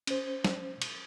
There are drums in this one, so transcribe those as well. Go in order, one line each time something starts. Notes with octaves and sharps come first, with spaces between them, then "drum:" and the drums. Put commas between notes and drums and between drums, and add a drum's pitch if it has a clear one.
C#4 C5, drum: cymbal
drum: snare
drum: cymbal